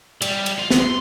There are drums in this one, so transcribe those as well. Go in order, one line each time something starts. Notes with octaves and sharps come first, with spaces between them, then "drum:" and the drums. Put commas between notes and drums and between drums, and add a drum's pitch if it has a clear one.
G3, drum: cymbal
drum: cymbal
F4
drum: snare
C6